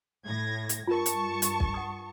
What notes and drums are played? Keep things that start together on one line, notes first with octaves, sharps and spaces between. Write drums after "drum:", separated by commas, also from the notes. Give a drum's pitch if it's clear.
A2 G#6 A#6
drum: hi-hat
G2 F4 A#4 A5 C#6
drum: hi-hat
drum: hi-hat
drum: kick
F#5 D#6